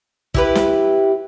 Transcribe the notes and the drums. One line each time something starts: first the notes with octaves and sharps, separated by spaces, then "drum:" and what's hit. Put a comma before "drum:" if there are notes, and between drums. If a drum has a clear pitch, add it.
E4 G4 B4, drum: kick
drum: snare